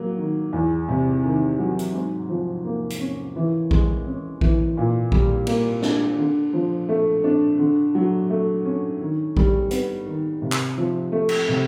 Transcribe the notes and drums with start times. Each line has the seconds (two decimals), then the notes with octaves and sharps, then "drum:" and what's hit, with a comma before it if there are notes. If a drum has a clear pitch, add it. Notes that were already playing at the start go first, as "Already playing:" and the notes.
Already playing: F#3 A#3
0.18 D#3
0.53 E2
0.89 C3
1.24 D#3
1.59 F#3
1.79 drum: hi-hat
1.93 G#2
2.29 F3
2.64 A#3
2.90 drum: hi-hat
3.00 C#4
3.36 E3
3.71 G#3, drum: kick A#1
4.06 C#4
4.41 E3, drum: kick A#1
4.77 A#2
5.12 G3, drum: kick A#1
5.47 A#3, drum: cymbal
5.82 D4, drum: snare
6.19 D3
6.53 F3
6.89 A3
7.24 D4
7.59 D3
7.95 F#3
8.30 A3
8.65 C#4
9.01 D#3
9.37 G3, drum: kick A#1
9.71 B3, drum: hi-hat
10.06 D#3
10.42 C3
10.52 drum: clap
10.78 F3
11.12 A3
11.29 drum: cymbal
11.49 C3